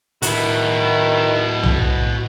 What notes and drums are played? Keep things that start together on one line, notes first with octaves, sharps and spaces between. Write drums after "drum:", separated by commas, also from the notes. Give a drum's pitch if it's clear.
D2 A2 D#3 E4 F#4 B4, drum: hi-hat
drum: tom B1